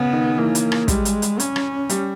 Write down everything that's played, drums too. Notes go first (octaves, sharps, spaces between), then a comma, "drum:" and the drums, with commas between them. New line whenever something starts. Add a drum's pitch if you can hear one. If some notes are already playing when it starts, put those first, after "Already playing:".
Already playing: C#3 B3
D#3
E3 A#3
drum: hi-hat
drum: rim click
G3 G#3, drum: kick, hi-hat
drum: hi-hat
drum: hi-hat
C#4, drum: hi-hat
drum: rim click
G3, drum: hi-hat